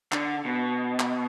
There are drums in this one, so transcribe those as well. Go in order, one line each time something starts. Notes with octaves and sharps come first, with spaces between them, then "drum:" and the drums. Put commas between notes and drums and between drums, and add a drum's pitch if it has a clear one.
D3, drum: clap
B2
drum: clap